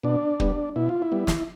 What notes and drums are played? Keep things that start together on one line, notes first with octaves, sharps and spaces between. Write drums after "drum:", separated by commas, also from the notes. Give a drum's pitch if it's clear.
B2 D4
G3 B3, drum: kick
B2 E4
F4
E4
G3 B3
drum: snare